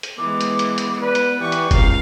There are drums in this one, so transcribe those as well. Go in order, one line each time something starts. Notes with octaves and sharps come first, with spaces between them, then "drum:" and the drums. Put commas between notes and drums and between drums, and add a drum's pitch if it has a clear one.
drum: hi-hat
E3 G#3 B3 D6
drum: hi-hat
drum: hi-hat
drum: hi-hat
B4 D5
drum: hi-hat
E3 G4 F#5 C#6
drum: hi-hat
C#2 F5 A#5, drum: kick, hi-hat